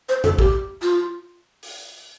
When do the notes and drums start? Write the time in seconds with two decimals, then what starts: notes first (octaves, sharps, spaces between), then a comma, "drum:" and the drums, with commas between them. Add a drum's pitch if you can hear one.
0.09 C5
0.24 A4, drum: tom F2
0.39 G4, drum: kick
0.83 F4, drum: tambourine
1.63 drum: open hi-hat